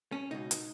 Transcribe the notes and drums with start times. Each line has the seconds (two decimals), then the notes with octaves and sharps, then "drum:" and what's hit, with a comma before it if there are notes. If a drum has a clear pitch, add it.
0.12 C#4
0.31 C#2 B2 D#4
0.51 drum: hi-hat